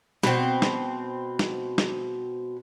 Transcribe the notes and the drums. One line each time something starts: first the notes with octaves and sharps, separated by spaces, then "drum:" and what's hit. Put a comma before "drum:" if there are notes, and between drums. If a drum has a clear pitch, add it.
B2 C4, drum: snare
drum: snare
drum: snare
drum: snare